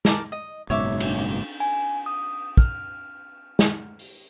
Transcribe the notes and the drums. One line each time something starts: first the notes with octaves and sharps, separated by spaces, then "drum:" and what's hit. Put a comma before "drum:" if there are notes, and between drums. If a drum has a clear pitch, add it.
A#4 A5 D6, drum: snare
D#5
F#1 G#2 B2 C#5 E5 D6
drum: cymbal
G#5
D#6
F6, drum: kick
drum: snare
drum: open hi-hat